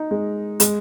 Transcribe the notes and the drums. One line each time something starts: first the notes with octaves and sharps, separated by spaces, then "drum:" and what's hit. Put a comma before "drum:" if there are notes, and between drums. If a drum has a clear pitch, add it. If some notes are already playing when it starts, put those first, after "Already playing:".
Already playing: D#4
G#3
G#3, drum: hi-hat